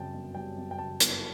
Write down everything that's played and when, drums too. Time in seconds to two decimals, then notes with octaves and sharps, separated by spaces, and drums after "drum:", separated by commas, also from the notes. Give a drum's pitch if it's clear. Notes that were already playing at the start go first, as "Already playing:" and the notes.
Already playing: F#2 C#3 G3 G5 A5
0.14 G1
0.35 G3 G5
0.56 F#2
0.71 G5
0.78 C#3 A5
1.00 G1, drum: hi-hat